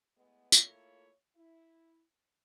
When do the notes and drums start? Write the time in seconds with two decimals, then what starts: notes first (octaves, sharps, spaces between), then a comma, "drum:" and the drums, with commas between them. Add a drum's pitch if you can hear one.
0.17 A2 G#3 A3 B3
0.52 drum: tambourine
0.62 A3 A#3 E4 F4 A4 C#5
1.36 E4